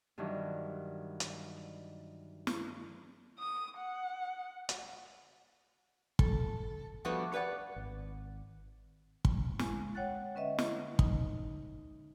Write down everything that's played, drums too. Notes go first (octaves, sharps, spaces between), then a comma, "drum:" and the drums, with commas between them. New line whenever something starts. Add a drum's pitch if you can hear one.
G2 D#3 E3 F#3
drum: hi-hat
drum: snare
D#6
F#5
drum: hi-hat
A4, drum: kick
F3 G3 A3 B3 D4 F#4
G4 B4 C#5 D5 F#5
G#1
drum: kick
G#3, drum: snare
C#5 F#5 G5 F#6 A6
D3 C#4 B4 D#5 E5
drum: snare
D#4, drum: kick